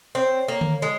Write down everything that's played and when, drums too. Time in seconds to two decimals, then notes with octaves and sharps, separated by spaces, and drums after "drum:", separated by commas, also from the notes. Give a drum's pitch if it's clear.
0.15 C4 C#5
0.48 A#3
0.61 drum: tom D3
0.82 G#3 C#5